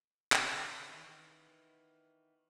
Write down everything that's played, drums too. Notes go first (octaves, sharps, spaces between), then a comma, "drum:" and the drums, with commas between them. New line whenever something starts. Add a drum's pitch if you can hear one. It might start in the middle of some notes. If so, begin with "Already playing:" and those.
drum: clap
D#3 E3 B3